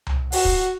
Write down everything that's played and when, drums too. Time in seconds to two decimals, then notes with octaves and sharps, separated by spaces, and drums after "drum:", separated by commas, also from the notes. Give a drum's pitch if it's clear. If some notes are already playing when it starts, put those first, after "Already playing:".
0.07 drum: tom C2
0.32 F#4, drum: open hi-hat
0.45 drum: kick